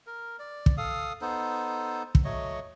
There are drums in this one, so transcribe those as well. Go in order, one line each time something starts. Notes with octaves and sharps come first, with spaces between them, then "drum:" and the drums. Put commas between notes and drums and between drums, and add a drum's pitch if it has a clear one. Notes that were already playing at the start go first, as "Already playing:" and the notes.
A#4
D5
drum: kick
A4 F5 D#6
B3 D#4 A4 C5
drum: kick
F#3 A3 C#5 D#5